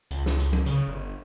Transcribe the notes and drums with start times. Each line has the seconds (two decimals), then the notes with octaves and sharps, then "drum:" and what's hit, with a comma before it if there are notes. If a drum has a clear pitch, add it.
0.11 C#2, drum: hi-hat
0.26 drum: snare
0.39 drum: hi-hat
0.53 drum: tom F#3
0.66 C#3, drum: hi-hat
0.88 G1